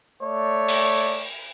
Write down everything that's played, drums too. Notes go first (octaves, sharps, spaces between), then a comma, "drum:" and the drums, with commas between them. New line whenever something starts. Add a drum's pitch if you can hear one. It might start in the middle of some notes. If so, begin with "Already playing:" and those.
A3 C#5 D5
drum: open hi-hat